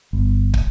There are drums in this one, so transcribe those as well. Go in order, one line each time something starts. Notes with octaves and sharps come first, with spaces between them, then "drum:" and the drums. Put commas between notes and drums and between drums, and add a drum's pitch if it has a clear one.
G1
drum: kick